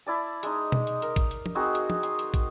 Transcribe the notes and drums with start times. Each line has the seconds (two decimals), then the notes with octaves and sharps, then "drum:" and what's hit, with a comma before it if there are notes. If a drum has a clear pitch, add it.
0.06 E4 D5 A5
0.43 G#3 D#4, drum: hi-hat
0.72 drum: tom B2
0.87 drum: hi-hat
1.02 A#4, drum: hi-hat
1.16 drum: kick, hi-hat
1.31 drum: hi-hat
1.46 drum: tom
1.55 C4 D#4 F#4 G#4
1.75 drum: hi-hat
1.90 drum: tom
2.03 C6 D#6, drum: hi-hat
2.19 drum: hi-hat
2.34 drum: kick, hi-hat